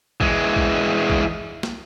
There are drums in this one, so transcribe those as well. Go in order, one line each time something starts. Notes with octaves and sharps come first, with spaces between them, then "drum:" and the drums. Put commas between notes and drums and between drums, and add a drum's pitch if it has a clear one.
E3 G#3, drum: kick
drum: kick
drum: kick
drum: snare